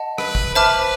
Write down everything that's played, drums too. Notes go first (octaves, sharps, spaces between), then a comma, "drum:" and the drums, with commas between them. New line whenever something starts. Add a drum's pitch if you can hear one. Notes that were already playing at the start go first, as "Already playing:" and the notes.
Already playing: D#5 F#5 A5
B4, drum: rim click
drum: kick G#1
B4 C5 E5 A5 D6 F6